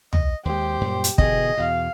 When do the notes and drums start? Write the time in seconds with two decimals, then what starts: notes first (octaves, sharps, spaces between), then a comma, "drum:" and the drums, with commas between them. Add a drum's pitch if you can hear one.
0.13 D#5, drum: tom
0.45 D#2 G#3 G4 C5
0.81 F#2 A#2 G3
1.04 drum: hi-hat
1.18 B2 D3 E3 G#4 D#5, drum: kick
1.57 E2 B2 F5